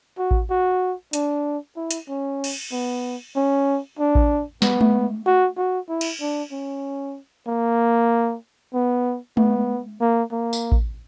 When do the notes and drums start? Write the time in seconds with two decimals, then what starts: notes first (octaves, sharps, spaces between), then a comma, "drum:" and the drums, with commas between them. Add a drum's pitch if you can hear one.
0.18 F#4
0.31 drum: kick A1
0.50 F#4
1.13 D4, drum: hi-hat
1.76 E4
1.91 drum: hi-hat
2.09 C#4
2.44 drum: cymbal
2.72 B3
3.35 C#4
3.99 D4
4.15 drum: kick A1
4.62 B3, drum: snare
4.81 drum: tom G#3
5.26 F#4
5.57 F#4
5.89 E4
6.01 drum: cymbal
6.21 D4
6.52 C#4
7.47 A#3
8.74 B3
9.37 B3, drum: tom G#3
10.01 A#3
10.32 A#3
10.53 drum: tambourine
10.72 drum: kick A1